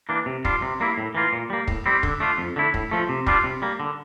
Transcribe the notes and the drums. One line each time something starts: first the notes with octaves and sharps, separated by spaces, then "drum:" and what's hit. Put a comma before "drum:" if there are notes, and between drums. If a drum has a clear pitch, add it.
E3 A#3 D4
C3
G3 D4 F4, drum: kick
C3
G3 A#3 E4
A2
E3 A#3 F4
A#2
G3 A#3
A2, drum: kick
G3 C4 E4
D3, drum: kick
A3 D4 F4
F2
D3 A3 E4
A2, drum: kick
F3 A3
C3
G3 D4 F4, drum: kick
C3
G3 A#3
D3